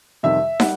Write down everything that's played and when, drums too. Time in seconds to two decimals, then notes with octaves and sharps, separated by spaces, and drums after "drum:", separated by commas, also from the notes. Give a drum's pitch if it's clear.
0.23 F2 C3 D#3 G3 E5
0.60 G3 F#5, drum: snare